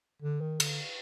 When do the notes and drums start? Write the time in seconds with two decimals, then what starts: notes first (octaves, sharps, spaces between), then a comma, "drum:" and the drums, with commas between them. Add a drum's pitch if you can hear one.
0.22 D3
0.41 D#3
0.60 D3, drum: cymbal